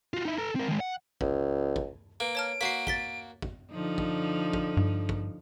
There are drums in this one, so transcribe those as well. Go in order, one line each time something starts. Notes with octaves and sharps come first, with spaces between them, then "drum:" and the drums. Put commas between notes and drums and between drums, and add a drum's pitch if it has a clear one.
F4 F#4
D#4 E4
A4 A#5
C4 A#4
D#3 G#3
F#5
C#2, drum: kick
drum: kick
A#3 B4 D7
C#5 A5 F6
A#3 F#4 B6 C7
A6 B6 G7, drum: kick
drum: kick
D3 F3 D#4
drum: kick
drum: kick
G2
drum: kick